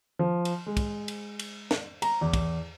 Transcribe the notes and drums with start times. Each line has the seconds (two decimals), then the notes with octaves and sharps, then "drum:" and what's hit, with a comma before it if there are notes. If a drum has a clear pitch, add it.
0.19 F3
0.45 drum: cymbal
0.66 G#3
0.77 drum: kick, cymbal
1.08 drum: cymbal
1.39 drum: cymbal
1.71 drum: snare
2.02 A#5, drum: cymbal
2.21 E2
2.34 drum: kick, cymbal